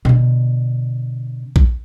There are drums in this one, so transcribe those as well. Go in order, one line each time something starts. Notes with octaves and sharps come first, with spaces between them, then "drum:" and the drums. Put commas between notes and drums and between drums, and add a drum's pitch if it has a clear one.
B2 D3
drum: kick A#1